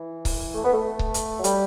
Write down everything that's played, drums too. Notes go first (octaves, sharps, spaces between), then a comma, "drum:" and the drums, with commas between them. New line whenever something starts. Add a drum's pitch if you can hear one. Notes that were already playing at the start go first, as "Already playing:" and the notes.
Already playing: E3
drum: kick C#1, open hi-hat
A3
B3
A3
drum: kick C#1
drum: hi-hat
F#3
G3, drum: hi-hat